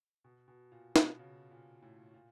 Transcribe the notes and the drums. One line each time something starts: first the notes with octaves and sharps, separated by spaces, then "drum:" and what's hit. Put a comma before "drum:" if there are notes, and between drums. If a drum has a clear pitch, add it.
B2
B2
A#2
B2, drum: snare
C#3
A#2
A2
A#2